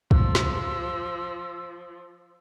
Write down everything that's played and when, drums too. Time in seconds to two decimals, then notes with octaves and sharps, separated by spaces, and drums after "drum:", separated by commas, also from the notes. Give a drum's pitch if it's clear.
0.11 F3 E6, drum: kick
0.35 drum: snare